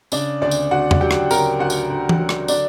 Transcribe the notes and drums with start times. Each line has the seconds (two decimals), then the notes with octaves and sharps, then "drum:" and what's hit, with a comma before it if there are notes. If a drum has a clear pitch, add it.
0.12 C#3 D4 D5, drum: tambourine
0.41 D2 D4 D5
0.51 drum: tambourine
0.71 D2 F#4 F#5
0.91 drum: tom E2
1.01 F#3 G4 G5
1.11 drum: rim click
1.31 C#3 A#4 A#5, drum: tambourine
1.59 D2 F#4 F#5
1.70 drum: tambourine
1.90 D2
2.09 drum: tom E3
2.19 F#3
2.29 drum: rim click
2.48 D3 D4 D5, drum: tambourine